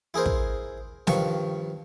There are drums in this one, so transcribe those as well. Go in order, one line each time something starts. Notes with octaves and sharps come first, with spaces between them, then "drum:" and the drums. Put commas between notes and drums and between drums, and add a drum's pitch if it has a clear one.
E4 G#4 A#4 C5
drum: kick
G2 D#3 F3 C#6, drum: snare